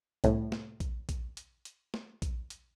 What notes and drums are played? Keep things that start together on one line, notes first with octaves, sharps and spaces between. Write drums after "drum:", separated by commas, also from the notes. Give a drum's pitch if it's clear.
C2 A2, drum: hi-hat
drum: snare
drum: kick, hi-hat
drum: kick, hi-hat
drum: hi-hat
drum: hi-hat
drum: snare
drum: kick, hi-hat
drum: hi-hat